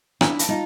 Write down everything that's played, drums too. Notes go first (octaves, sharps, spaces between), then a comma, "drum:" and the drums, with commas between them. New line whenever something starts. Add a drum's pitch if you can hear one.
D4 E4, drum: rim click
drum: hi-hat
D#4 F4